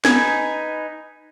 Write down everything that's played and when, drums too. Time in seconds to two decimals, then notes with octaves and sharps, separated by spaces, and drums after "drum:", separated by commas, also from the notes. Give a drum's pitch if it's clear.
0.05 D#4 B4 G#5, drum: snare